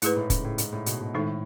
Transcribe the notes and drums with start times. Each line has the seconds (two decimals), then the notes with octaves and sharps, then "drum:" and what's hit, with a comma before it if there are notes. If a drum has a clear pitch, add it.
0.02 G#2 A3 E4 G#4 B4, drum: hi-hat
0.16 A2
0.30 C#3, drum: kick, hi-hat
0.45 A2
0.58 G#2, drum: hi-hat
0.73 A2
0.86 B2, drum: hi-hat
1.00 B2
1.14 A2 D#3 G#3 D#4 A4 C#5